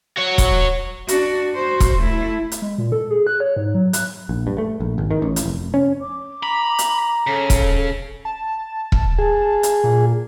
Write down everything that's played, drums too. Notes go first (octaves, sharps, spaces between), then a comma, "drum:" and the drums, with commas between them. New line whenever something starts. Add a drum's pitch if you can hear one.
F#4 C#5
drum: kick E1, hi-hat
D4 F#4, drum: hi-hat
F#4 C5
drum: kick E1, hi-hat
A3 E4
drum: hi-hat
G#3
A#2
A4
G#4
F#6
C#5
G#2
F#3
F#6, drum: hi-hat
A#1
G2
A3
A#1
G#1
D#3
A1
drum: hi-hat
F1
C#4
D6
A#5 B5
drum: hi-hat
C#3 A4 C#5
drum: kick E1, hi-hat
A5
drum: kick E1
G#4
drum: hi-hat
A#2